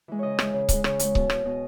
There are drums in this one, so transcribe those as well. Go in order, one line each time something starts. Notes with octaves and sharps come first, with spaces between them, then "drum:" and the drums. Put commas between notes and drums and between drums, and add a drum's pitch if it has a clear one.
E3 G#3
C#3 C#5 D#5
E3 G#3, drum: rim click
C#3
E3 G#3, drum: kick C#1, hi-hat
C#3 C#5, drum: rim click
E3 G#3, drum: hi-hat
B2, drum: kick C#1
G#3, drum: rim click
B2 D#5